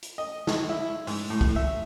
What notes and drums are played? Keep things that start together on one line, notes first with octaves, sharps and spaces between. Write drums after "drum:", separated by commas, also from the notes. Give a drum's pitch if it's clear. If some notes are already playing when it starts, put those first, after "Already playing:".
drum: hi-hat
D#5
drum: snare
E4
G#2, drum: open hi-hat
A2
drum: kick
E5